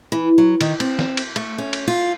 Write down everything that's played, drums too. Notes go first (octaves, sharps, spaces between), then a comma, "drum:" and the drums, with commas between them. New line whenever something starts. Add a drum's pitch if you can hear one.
E3
F#3
D#3, drum: cymbal
C4, drum: cymbal
drum: snare
drum: cymbal
A3, drum: cymbal
C#4
drum: cymbal
F4